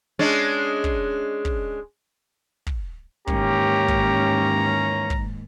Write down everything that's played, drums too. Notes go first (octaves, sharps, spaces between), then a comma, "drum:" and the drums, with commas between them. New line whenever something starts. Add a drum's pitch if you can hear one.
G#3 C#4 D4
drum: kick
drum: kick
drum: kick
D#2 G#2 E3 A#3 C#4 G4 A#5, drum: kick
drum: kick
drum: kick